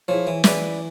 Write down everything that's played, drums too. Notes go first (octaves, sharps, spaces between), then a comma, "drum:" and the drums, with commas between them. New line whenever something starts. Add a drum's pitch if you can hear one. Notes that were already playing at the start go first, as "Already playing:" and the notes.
F3 E4 G#4 C#5
E3
E3 E4 G#4 B4 D5, drum: snare